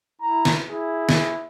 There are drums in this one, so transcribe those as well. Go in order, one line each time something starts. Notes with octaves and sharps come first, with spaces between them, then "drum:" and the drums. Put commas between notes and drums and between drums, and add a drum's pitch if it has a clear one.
E4 A#5
drum: snare
E4 G#4
drum: snare